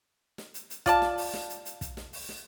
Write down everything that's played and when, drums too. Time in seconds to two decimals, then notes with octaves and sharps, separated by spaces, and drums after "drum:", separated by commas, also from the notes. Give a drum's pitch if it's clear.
0.38 drum: snare
0.54 drum: hi-hat
0.70 drum: hi-hat
0.86 F4 D5 A5, drum: kick, hi-hat
1.02 drum: snare
1.18 drum: open hi-hat
1.33 drum: snare
1.49 drum: hi-hat
1.65 drum: hi-hat
1.81 drum: kick, hi-hat
1.97 drum: snare
2.13 drum: open hi-hat
2.29 drum: snare